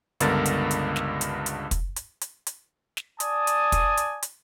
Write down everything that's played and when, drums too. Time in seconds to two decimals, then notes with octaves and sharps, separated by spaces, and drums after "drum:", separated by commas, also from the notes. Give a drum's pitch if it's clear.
0.20 C#2 G2 D3 B3 A#4 A6, drum: hi-hat
0.46 drum: hi-hat
0.71 drum: hi-hat
0.96 drum: snare
1.21 drum: hi-hat
1.46 drum: hi-hat
1.71 drum: kick, hi-hat
1.96 drum: hi-hat
2.21 drum: hi-hat
2.47 drum: hi-hat
2.97 drum: snare
3.20 D5 G#5 A5 D#6, drum: hi-hat
3.47 drum: hi-hat
3.72 drum: kick, hi-hat
3.97 drum: hi-hat
4.23 drum: hi-hat